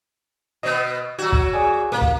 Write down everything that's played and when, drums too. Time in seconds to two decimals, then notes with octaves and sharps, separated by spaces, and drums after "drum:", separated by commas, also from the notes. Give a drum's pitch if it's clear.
0.63 B2 B3 D#5
1.19 F#3 F#4 G#6
1.32 drum: kick
1.53 G#4 D5 G#5
1.92 A2 C3 A#3
2.01 drum: kick